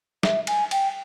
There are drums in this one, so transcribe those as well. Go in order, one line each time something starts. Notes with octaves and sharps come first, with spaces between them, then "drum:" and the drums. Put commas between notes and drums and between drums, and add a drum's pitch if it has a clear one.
E5, drum: snare
G#5, drum: cymbal
G5, drum: cymbal